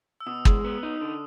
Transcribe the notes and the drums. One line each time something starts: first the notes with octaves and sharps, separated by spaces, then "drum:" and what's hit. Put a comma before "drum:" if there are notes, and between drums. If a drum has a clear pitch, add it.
E6
B2 D#6
G#3, drum: kick
B3
D#4
D3